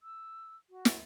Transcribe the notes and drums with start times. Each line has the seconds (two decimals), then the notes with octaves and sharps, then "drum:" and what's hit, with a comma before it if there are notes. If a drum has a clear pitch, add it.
0.03 E6
0.70 F#4
0.85 drum: snare